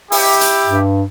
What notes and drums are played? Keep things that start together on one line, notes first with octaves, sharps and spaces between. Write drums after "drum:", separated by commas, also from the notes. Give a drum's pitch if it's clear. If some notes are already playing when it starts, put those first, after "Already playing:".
E4 G4, drum: open hi-hat
drum: hi-hat
G2